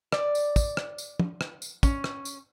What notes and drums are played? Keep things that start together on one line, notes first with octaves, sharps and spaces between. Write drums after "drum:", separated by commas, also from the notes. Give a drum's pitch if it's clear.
D5, drum: rim click
drum: tambourine
drum: kick, tambourine
drum: rim click
drum: tambourine
drum: tom
drum: rim click
drum: tambourine
C#4, drum: kick, tambourine
drum: rim click
drum: tambourine